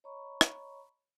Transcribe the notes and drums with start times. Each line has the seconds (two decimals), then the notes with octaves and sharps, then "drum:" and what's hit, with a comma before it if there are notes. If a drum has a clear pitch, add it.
0.04 C#5 D#5 A#5 B5 C#6
0.41 drum: rim click